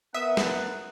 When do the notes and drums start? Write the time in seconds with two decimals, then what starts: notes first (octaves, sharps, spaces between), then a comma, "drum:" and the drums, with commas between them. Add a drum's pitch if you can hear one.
0.15 B3 A#4 E5 F#5 D#6
0.37 drum: snare